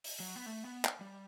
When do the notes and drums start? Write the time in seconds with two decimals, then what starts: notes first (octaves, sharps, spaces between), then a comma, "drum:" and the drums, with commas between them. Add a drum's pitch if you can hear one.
0.04 drum: open hi-hat
0.20 F#3
0.36 B3
0.46 A3
0.65 B3
0.85 drum: clap
1.01 G3